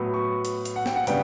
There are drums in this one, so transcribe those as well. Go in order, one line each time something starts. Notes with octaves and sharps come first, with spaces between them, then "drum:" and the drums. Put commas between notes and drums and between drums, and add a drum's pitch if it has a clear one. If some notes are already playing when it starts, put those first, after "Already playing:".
Already playing: A2 F#3 B3
C#6
drum: hi-hat
drum: hi-hat
F#5
G5, drum: snare
F#5
C#3 G3 B3 D4 G5, drum: hi-hat